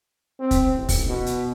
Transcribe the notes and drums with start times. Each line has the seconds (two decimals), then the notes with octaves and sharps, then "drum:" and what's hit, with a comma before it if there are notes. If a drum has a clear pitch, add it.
0.40 C4
0.51 drum: kick, hi-hat
0.76 A1
0.89 drum: kick, open hi-hat
1.07 B2
1.26 drum: hi-hat